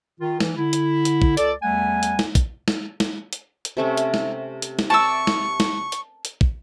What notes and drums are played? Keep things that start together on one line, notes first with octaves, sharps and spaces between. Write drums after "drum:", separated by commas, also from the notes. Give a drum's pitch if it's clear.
D#3 F4
E3, drum: snare
D3 E4
drum: hi-hat
drum: hi-hat
drum: kick
C#2 A4 D5, drum: hi-hat
E2 G3 A3 F#5 G#5
drum: hi-hat
drum: snare
drum: kick, hi-hat
drum: snare
drum: snare
drum: hi-hat
drum: hi-hat
C3 A3 C#4
drum: hi-hat
drum: snare
drum: hi-hat
drum: snare
A#4 D5 E5 A5 C#6 E6
drum: snare
drum: snare
drum: hi-hat
drum: hi-hat
drum: kick